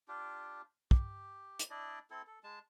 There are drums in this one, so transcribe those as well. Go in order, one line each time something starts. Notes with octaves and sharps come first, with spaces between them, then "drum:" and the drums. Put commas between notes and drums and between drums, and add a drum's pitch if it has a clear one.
D4 F4 G4
G4, drum: kick
drum: hi-hat
D4 E4 D5 D#5
C4 E4 A4
A4
G#3 A5